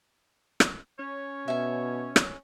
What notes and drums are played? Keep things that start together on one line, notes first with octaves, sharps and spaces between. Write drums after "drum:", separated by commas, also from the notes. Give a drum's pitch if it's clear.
drum: rim click
C#4 C#5
B2 E5 G#5
drum: rim click